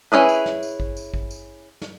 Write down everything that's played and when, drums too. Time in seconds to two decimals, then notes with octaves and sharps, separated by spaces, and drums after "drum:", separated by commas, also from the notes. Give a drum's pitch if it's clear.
0.12 C#4 E4 G#4 B4
0.29 drum: tambourine
0.46 drum: snare
0.63 drum: tambourine
0.80 drum: kick G#1
0.97 drum: tambourine
1.14 drum: kick G#1
1.31 drum: tambourine
1.82 drum: snare